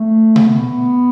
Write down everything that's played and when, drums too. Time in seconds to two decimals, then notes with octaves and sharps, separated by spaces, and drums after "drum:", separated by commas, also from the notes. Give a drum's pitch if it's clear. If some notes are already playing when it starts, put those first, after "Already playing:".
Already playing: A3
0.36 drum: tom B2
0.47 B3